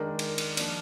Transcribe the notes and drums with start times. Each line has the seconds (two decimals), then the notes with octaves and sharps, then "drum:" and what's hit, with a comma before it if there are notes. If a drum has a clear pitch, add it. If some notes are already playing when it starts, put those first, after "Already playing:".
Already playing: D#3 G#3 D4 A#4
0.19 drum: cymbal
0.38 drum: cymbal
0.57 F3 A#3 D4, drum: cymbal